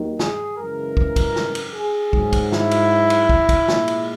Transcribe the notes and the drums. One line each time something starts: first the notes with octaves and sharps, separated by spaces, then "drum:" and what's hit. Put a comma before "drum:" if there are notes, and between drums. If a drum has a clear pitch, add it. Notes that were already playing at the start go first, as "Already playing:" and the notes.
Already playing: D#2 D#3 F#3
G#4, drum: snare
F#2 C#3 E3 G#3 A#4
drum: kick
drum: kick, cymbal
drum: snare
drum: cymbal
G#4
G#2 F#3, drum: kick
drum: kick, cymbal
E4, drum: snare
drum: cymbal
drum: cymbal
drum: kick
drum: kick, cymbal
A#2 G#3, drum: snare
drum: cymbal